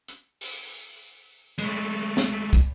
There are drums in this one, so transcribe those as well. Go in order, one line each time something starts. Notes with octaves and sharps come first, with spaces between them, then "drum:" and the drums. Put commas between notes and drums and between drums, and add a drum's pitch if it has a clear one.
drum: hi-hat
drum: open hi-hat
G#3 A3, drum: cymbal
drum: snare
drum: kick